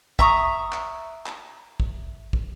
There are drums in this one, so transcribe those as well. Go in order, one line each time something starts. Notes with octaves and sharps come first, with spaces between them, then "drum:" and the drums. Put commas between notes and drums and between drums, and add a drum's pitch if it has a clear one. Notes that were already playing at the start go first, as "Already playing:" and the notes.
E5 A#5 C#6 D#6, drum: kick
drum: clap
drum: clap
drum: kick
drum: kick